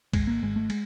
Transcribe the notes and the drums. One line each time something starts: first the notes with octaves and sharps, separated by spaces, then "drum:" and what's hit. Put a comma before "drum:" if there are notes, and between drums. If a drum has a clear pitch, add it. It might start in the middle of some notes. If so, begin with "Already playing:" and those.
G#1 G#3, drum: kick, cymbal
A#3
G#1 G#3
A3
G#3, drum: cymbal